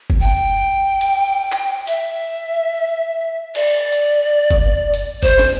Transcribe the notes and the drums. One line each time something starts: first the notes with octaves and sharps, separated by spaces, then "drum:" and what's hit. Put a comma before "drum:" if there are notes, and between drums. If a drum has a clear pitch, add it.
drum: kick F#1
G5
drum: cymbal
drum: clap
E5, drum: hi-hat
D5, drum: cymbal
drum: hi-hat
drum: kick F#1
drum: hi-hat
C5, drum: kick F#1
drum: snare